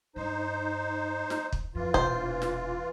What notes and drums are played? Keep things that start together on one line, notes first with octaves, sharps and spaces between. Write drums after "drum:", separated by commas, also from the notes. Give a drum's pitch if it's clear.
G2 D#4 C5
drum: snare
drum: kick
F2 E3 F4
E1 A#2 C5, drum: kick
drum: snare